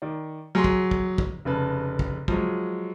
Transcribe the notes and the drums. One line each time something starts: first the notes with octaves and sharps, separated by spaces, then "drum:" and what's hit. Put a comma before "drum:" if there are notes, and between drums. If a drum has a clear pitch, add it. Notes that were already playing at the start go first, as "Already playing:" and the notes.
D#3 D5
F#3 G#4 C6
drum: kick
drum: kick
drum: kick
F1 C#3 B4 A5
drum: kick
F3 F#3 G#3, drum: kick